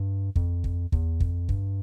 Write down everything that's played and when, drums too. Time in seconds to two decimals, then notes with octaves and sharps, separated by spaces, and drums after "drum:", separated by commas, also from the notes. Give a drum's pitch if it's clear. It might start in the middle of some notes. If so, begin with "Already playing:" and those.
Already playing: G2
0.36 F2, drum: kick
0.64 drum: kick
0.92 E2, drum: kick
1.20 F2, drum: kick
1.49 G2, drum: kick